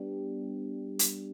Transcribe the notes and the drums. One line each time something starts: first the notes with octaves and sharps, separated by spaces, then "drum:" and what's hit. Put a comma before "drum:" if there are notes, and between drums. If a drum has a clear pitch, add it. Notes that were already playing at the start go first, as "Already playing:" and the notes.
Already playing: G3 B3 D4 G4
drum: hi-hat